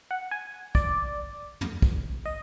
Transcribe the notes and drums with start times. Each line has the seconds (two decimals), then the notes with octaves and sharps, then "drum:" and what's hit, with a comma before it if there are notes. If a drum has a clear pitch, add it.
0.11 F#5
0.31 G#5
0.75 D5, drum: kick
1.61 drum: tom F#2
1.82 drum: kick
2.26 D#5